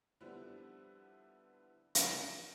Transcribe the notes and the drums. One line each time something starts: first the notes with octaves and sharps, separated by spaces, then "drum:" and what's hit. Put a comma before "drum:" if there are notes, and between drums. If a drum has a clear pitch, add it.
D3 F3 G3 B3 C4 E4
drum: hi-hat